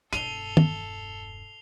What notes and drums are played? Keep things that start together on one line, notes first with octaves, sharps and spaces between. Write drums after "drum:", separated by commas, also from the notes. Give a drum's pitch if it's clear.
E1 G2 A4 C7 D#7 F7 G7, drum: hi-hat
drum: tom